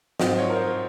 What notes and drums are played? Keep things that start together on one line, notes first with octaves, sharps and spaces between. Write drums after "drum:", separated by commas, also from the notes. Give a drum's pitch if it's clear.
G#2 F#3 C4 F4 D#5, drum: snare
C#5
A#4
C5